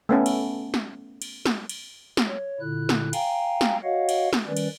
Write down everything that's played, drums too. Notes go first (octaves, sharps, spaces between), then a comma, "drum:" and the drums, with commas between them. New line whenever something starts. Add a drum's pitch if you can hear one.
A3 B3 C#4 A4
drum: cymbal
drum: snare
drum: cymbal
drum: snare
drum: cymbal
drum: snare
C#5
A#2 D3 E4 F#6
drum: snare
F5 G5 G#5 A#5, drum: cymbal
drum: snare
F#4 C#5 D#5 F5 F#5
drum: cymbal
drum: snare
D#3 G3 C#4 B4 D5
drum: cymbal